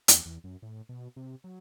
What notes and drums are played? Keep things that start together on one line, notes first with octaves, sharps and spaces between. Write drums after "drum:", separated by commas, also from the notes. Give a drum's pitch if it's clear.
E2, drum: hi-hat
E2
F#2
A2
B2
C3
F#3